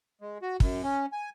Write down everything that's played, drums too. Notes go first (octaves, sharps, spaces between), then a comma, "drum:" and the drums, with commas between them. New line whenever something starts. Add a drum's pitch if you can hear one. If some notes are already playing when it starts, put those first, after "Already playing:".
G#3
F#4
F#2, drum: kick
C#4
G#5